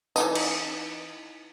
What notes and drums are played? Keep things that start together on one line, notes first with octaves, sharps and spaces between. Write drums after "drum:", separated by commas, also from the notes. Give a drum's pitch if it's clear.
E3 D#4 D#5, drum: tambourine
drum: cymbal